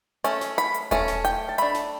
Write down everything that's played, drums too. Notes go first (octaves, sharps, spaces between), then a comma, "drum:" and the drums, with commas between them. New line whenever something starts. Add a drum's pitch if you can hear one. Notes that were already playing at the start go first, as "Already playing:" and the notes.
A3 C#4, drum: hi-hat
drum: snare
B5, drum: hi-hat
drum: hi-hat
A3 C#4, drum: kick E1, hi-hat
drum: snare
G5, drum: hi-hat
A5
A3 D4 B5, drum: hi-hat
drum: snare